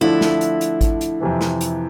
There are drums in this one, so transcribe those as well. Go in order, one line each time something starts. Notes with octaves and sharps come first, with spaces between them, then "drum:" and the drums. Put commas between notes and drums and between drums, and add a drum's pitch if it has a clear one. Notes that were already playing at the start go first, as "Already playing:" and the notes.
D3 F3 A3 D4 E4
drum: snare
drum: hi-hat
drum: hi-hat
drum: kick G#1, hi-hat
drum: hi-hat
F2 C3 E3
drum: snare
drum: hi-hat